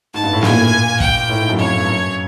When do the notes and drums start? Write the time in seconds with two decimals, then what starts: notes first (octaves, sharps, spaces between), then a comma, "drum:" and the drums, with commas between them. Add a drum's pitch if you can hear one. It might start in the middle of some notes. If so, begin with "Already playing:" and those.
0.14 G#2 A5
0.23 G2
0.33 A2
0.43 A#2 G#5, drum: snare A#3
1.00 G5, drum: kick
1.29 A2
1.39 G#2
1.49 F#2
1.58 F2 C#5
1.68 F#2
1.77 G2
1.87 F#2